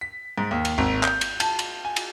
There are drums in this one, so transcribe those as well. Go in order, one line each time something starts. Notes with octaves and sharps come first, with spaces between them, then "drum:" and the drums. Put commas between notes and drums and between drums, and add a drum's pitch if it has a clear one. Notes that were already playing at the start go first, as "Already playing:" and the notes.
B6
G#2
D#2
drum: cymbal
G#1
G6, drum: clap
drum: cymbal
A5, drum: cymbal
drum: cymbal
G#5
drum: cymbal